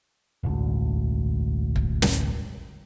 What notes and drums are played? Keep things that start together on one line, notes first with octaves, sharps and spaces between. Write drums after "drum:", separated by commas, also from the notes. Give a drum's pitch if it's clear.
E1 A1 D2
drum: kick
drum: snare